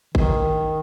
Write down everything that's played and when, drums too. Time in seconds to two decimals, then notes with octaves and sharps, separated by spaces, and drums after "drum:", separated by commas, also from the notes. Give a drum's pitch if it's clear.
0.15 D#3, drum: kick A1